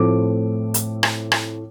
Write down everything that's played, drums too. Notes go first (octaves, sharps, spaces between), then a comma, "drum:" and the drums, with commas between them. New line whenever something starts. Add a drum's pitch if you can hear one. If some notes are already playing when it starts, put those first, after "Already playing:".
Already playing: A2 F3 A3 C4 D6
drum: hi-hat
drum: rim click
drum: rim click